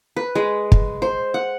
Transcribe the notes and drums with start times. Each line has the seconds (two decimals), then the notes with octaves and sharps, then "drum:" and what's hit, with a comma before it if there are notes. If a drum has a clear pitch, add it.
0.16 B4
0.35 G#3
0.72 drum: kick
1.02 C5
1.34 F#5